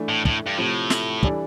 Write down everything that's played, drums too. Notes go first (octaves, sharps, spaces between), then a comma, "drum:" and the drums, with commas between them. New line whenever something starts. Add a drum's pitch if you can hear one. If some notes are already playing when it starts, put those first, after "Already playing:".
Already playing: E3 A3 D4
A2
A2, drum: kick
G2
A2 C3 F3 A3
drum: snare
E3 G3 D4 A4 D5, drum: kick